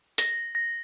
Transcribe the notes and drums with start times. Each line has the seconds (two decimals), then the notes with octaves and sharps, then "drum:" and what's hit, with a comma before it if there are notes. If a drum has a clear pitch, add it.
0.18 A#6, drum: hi-hat
0.55 A#6